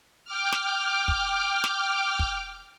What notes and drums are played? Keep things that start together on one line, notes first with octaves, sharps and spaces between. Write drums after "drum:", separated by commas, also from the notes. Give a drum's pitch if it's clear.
G5 D6 F6
drum: snare
drum: kick
drum: snare
drum: kick